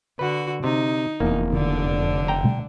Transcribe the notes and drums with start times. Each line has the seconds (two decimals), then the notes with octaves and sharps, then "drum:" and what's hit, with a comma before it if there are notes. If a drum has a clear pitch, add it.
0.19 D3 F#4 B4 F#5
0.64 C3 D#4
1.20 F1 E2 A#3
1.53 D3 D4, drum: tom D#3
2.28 G5 A#5
2.44 drum: tom B2